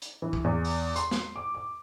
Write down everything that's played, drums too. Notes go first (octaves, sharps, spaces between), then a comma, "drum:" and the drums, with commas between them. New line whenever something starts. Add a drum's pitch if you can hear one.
drum: hi-hat
E3
drum: kick
E2
drum: open hi-hat
C6, drum: hi-hat
drum: snare
D6
D6